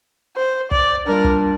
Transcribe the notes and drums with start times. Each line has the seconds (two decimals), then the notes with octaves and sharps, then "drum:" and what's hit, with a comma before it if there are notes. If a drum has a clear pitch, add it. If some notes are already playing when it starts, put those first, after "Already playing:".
0.37 C5
0.71 D5, drum: kick
1.07 A#2 G3 D4 A#4
1.24 drum: kick